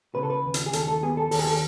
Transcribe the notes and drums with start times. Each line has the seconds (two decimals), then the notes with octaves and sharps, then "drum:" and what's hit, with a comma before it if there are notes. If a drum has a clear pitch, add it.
0.15 C#3 B4
0.23 A4
0.30 B4
0.45 D#2
0.54 drum: hi-hat
0.66 G#4
0.73 D#2 A4, drum: hi-hat
0.88 A4
1.03 B3 G#4
1.17 A4
1.31 D#2 A4, drum: open hi-hat
1.39 G#4
1.47 A4